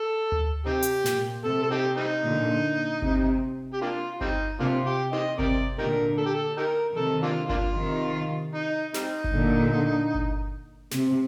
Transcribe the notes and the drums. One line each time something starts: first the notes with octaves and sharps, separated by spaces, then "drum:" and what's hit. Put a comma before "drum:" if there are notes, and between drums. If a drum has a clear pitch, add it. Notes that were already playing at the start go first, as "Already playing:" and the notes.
Already playing: A4
drum: tom D2
C3 C4 D#4 G4
drum: hi-hat
A#2, drum: snare
C3 A4
A4
C4 D#4 G4
G3 C4 D#4
A#2 D3
C3, drum: kick G1
G4
A#3 D4 F4
G3 C4 D#4, drum: kick G1
C3 A#3 D4 F4
G4
G4 C5 D#5, drum: tom D#4
C3 G4 A#4 D5, drum: kick G1
A#2 D3 D#4 G4 A#4
A4
G4
A4
D#4 G4 A#4
C3 D#3 A4
A#3 D4 F4
A#3 D4 F4, drum: kick G1
C3 D#3
D#4
G3 C4 D#4, drum: snare
drum: kick G1
A#2 D3
drum: kick G1
C3, drum: snare